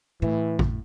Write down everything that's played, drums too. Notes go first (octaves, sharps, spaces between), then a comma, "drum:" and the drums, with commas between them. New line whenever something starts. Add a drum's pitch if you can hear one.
A2 E3
drum: kick G#1